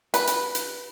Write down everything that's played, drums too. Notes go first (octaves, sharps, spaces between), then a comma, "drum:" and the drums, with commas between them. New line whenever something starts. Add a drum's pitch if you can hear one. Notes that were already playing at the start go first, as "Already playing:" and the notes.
B4, drum: hi-hat
drum: hi-hat
drum: hi-hat